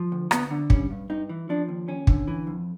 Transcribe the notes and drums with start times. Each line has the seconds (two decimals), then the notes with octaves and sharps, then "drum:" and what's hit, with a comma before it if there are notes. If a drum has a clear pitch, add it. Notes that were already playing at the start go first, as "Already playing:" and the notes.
Already playing: F3
0.12 D2
0.31 D2 B3, drum: rim click
0.51 D3
0.70 G3 C#4, drum: kick
0.91 G2
1.10 G2 D#4
1.29 E3
1.49 F3 D4
1.68 D#2
1.88 D#2 C#4
2.07 D3, drum: kick
2.28 E3
2.47 F2